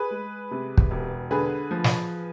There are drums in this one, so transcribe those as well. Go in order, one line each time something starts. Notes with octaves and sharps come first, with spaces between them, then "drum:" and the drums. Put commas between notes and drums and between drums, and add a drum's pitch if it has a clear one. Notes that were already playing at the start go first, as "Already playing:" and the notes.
Already playing: G#4 B4
G#3
C3
drum: kick
E1
D3 G#4 B4
F3
drum: snare